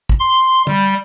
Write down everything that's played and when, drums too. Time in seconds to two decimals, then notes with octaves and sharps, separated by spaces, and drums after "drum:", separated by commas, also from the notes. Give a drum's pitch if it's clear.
0.09 drum: kick
0.20 C6
0.67 G3, drum: tom